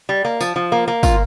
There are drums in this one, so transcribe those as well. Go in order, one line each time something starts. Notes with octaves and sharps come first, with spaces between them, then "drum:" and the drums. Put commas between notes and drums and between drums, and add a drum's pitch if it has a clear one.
G3
A#3
F3, drum: tambourine
F3
A#3
A#3
F4, drum: kick, tambourine